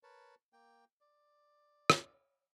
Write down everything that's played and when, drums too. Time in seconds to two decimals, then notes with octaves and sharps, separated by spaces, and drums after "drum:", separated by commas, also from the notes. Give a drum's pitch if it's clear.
0.03 A#4 B4 C#5 A5
0.53 A#3 G5
1.01 D5
1.90 drum: rim click